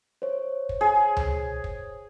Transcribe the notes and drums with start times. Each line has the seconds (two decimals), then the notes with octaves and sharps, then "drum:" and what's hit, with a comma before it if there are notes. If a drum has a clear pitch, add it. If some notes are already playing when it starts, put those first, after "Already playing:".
0.22 C5 C#5
0.69 drum: kick
0.81 G#4
1.17 drum: tom C#2
1.64 drum: kick